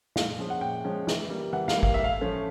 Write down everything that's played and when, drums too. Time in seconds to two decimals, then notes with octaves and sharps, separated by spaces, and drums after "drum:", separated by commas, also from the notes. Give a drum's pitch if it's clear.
0.16 A#2 F5, drum: snare
0.39 F3 G#3 C#4
0.50 F#5
0.61 A#2 G5
0.84 F3 G#3 C#4
1.07 E3, drum: snare
1.30 G3 A#3
1.53 E3 F#5
1.68 F5, drum: snare
1.75 G3 A#3
1.83 F5, drum: kick G#1
1.94 A2 E5
2.04 F5
2.21 F3 A3 C#4